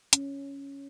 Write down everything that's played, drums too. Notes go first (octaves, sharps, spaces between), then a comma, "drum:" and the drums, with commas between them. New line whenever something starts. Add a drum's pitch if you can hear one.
C#4, drum: hi-hat